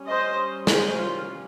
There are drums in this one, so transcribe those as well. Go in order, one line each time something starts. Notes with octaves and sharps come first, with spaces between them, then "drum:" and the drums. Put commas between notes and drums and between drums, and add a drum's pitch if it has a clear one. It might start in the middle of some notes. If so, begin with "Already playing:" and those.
Already playing: G3 C#4
C5 D#5
G#4 C5, drum: snare
F4